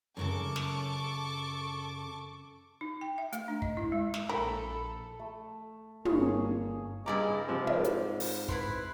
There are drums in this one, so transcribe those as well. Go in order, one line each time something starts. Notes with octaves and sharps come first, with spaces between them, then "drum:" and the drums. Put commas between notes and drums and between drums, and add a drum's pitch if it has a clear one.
F#2 A2 C#3 A4 C#6 D6
drum: snare
D#4
G5
E5
A3, drum: hi-hat
D4
D#5, drum: kick
E4
G#3
drum: snare
A#1 A4 A#4 B5
A3
G1 A#3 C#4 G#4 C#5, drum: tom
G2 C#3 E4 G#4 D5 D#5 A#5 D6
G#2 C3 F3 C4
drum: tom
drum: hi-hat
drum: open hi-hat
E4 B4 C6, drum: kick